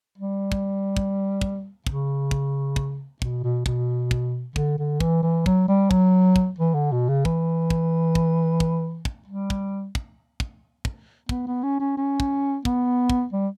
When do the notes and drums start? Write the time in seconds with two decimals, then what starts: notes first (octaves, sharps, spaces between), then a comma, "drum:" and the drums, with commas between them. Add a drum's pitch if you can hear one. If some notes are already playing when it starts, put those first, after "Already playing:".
0.18 G3
0.52 drum: kick
0.97 drum: kick
1.41 drum: kick
1.87 C#3, drum: kick
2.31 drum: kick
2.76 drum: kick
3.22 B2, drum: kick
3.43 B2
3.66 B2, drum: kick
4.11 drum: kick
4.56 D3, drum: kick
4.78 D3
5.00 E3, drum: kick
5.23 E3
5.46 F#3, drum: kick
5.68 G3
5.91 F#3, drum: kick
6.36 drum: kick
6.58 E3
6.75 D3
6.92 B2
7.09 C#3
7.25 E3, drum: kick
7.70 drum: kick
8.15 drum: kick
8.60 drum: kick
9.05 drum: kick
9.28 G3
9.50 drum: kick
9.95 drum: kick
10.40 drum: kick
10.85 drum: kick
11.29 B3, drum: kick
11.47 B3
11.63 C#4
11.80 C#4
11.97 C#4
12.20 drum: kick
12.65 B3, drum: kick
13.10 drum: kick
13.33 G3